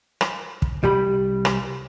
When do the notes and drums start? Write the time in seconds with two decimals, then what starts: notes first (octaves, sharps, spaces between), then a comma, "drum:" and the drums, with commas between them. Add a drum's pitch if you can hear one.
0.21 drum: rim click
0.62 drum: kick
0.83 C2 G3 G4 B5
1.45 drum: rim click